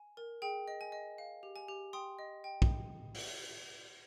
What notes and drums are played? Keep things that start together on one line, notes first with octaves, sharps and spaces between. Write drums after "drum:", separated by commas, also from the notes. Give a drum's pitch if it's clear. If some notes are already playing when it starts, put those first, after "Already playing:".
Already playing: G#5
A#4
G#4 G5
D#5
G#5
D#5
F5
G4
G#5
G4
G5 C6 D#6
D#5
G5
drum: kick
drum: open hi-hat